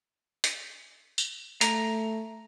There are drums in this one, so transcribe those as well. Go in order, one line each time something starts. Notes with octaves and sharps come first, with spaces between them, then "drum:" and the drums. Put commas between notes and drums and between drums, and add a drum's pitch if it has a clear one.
drum: hi-hat
drum: tambourine
A3 A#5, drum: hi-hat